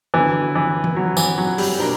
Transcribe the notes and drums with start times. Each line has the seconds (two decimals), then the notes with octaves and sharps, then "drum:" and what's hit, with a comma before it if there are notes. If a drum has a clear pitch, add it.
0.14 D3 E3 F#3 B3
0.55 E3
0.84 drum: tom E3
0.96 F#3
1.17 E3, drum: tambourine
1.38 F#3
1.58 G3, drum: open hi-hat
1.79 B2 A#3 D4 A#4